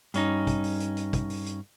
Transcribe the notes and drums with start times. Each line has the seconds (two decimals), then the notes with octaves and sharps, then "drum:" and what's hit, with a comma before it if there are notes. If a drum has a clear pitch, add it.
0.14 G2 C#4 D#4, drum: hi-hat
0.47 drum: kick, hi-hat
0.64 drum: open hi-hat
0.80 drum: hi-hat
0.97 drum: hi-hat
1.13 drum: kick, hi-hat
1.30 drum: open hi-hat
1.46 drum: hi-hat